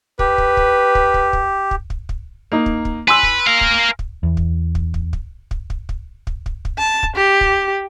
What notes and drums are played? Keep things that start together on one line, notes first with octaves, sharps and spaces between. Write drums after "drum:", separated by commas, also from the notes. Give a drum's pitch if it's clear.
G4 B4, drum: kick
drum: kick
drum: kick
drum: kick
drum: kick
drum: kick
drum: kick
drum: kick
drum: kick
A#3 D#4
drum: kick
drum: kick
B4 G#5 C6 E6
drum: kick
A#4 F5
drum: kick
drum: kick
E2
drum: kick
drum: kick
drum: kick
drum: kick
drum: kick
drum: kick
drum: kick
drum: kick
drum: kick
drum: kick
A5
drum: kick
G4
drum: kick